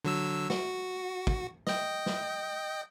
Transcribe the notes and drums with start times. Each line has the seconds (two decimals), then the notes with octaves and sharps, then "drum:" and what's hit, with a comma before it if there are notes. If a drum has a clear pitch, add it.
0.05 D3 F#3 E6
0.50 F#4, drum: snare
1.27 drum: kick
1.67 D#5 G5, drum: snare
2.06 drum: snare